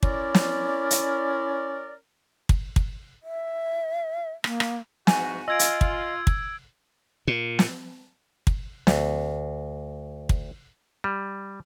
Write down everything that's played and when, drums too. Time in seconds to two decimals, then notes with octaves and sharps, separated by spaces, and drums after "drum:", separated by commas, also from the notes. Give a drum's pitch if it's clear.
0.03 C#4 E4 A#4 D5, drum: kick
0.35 drum: snare
0.91 drum: hi-hat
2.49 drum: kick
2.76 drum: kick
3.23 E5
4.44 A#3, drum: rim click
4.60 drum: rim click
5.07 G#2 E3 F#4 G#5, drum: snare
5.48 F4 D#5 E6 G#6 D7
5.59 drum: hi-hat
5.81 drum: kick
6.27 drum: kick
7.28 A#2
7.59 drum: snare
8.47 drum: kick
8.87 D2, drum: snare
10.29 drum: kick
11.04 G3